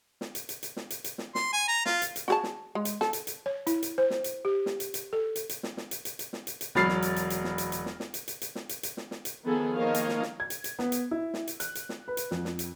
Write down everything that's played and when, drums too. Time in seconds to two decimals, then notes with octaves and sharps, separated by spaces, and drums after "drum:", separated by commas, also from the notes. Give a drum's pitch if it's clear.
0.21 drum: snare
0.35 drum: hi-hat
0.49 drum: hi-hat
0.63 drum: hi-hat
0.77 drum: snare
0.90 drum: hi-hat
1.04 drum: hi-hat
1.18 drum: snare
1.35 C6, drum: snare
1.53 G#5
1.68 A#5
1.86 F4, drum: snare
2.02 drum: hi-hat
2.16 drum: hi-hat
2.28 F#4 G#4 A5, drum: snare
2.43 drum: snare
2.75 G#3
2.85 drum: hi-hat
3.01 A4, drum: snare
3.13 drum: hi-hat
3.27 drum: hi-hat
3.46 C#5
3.67 E4, drum: hi-hat
3.83 drum: hi-hat
3.98 C5
4.10 drum: snare
4.24 drum: hi-hat
4.45 G4
4.66 drum: snare
4.80 drum: hi-hat
4.94 drum: hi-hat
5.13 A4
5.36 drum: hi-hat
5.49 drum: hi-hat
5.63 drum: snare
5.77 drum: snare
5.91 drum: hi-hat
6.05 drum: hi-hat
6.19 drum: hi-hat
6.33 drum: snare
6.47 drum: hi-hat
6.61 drum: hi-hat
6.75 E1 F#3 B5 F6 A6 C7, drum: snare
6.89 drum: snare
7.02 drum: hi-hat
7.16 drum: hi-hat
7.30 drum: hi-hat
7.44 drum: snare
7.58 drum: hi-hat
7.72 drum: hi-hat
7.86 drum: snare
8.00 drum: snare
8.14 drum: hi-hat
8.28 drum: hi-hat
8.42 drum: hi-hat
8.55 drum: snare
8.69 drum: hi-hat
8.83 drum: hi-hat
8.97 drum: snare
9.11 drum: snare
9.25 drum: hi-hat
9.44 D#3 F3 B3 G#4 A4
9.75 D#3 F3 A#3 C#5 D#5 F5
9.95 drum: hi-hat
10.08 drum: snare
10.22 drum: snare
10.40 G#6
10.50 drum: hi-hat
10.64 drum: hi-hat
10.79 B3, drum: snare
10.92 drum: hi-hat
11.11 E4
11.34 drum: snare
11.47 drum: hi-hat
11.60 F#6, drum: hi-hat
11.75 drum: hi-hat
11.89 drum: snare
12.08 B4
12.17 drum: hi-hat
12.31 F2, drum: snare
12.45 drum: snare
12.59 drum: hi-hat